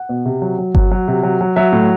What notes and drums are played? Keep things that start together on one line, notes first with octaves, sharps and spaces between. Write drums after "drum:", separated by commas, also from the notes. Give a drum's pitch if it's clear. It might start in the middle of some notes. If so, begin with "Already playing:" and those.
Already playing: F#5
B2
C3
F#3
F#3
F#3, drum: kick G1
F#3
C3
F#3
F#3
F#3 E5
A2